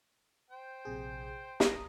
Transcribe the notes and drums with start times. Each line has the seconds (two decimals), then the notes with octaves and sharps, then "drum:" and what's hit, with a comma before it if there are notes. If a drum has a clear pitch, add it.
0.50 C5 G5
0.85 A#1 C3 G#4
1.60 F5 A#5 D#6, drum: snare